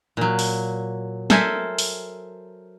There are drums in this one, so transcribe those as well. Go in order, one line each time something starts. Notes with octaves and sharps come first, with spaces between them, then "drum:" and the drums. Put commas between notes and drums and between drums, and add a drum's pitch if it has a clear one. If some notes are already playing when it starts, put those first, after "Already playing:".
A#2 F#3
drum: open hi-hat
A4 A#4 C5 E5 G#5, drum: snare
drum: open hi-hat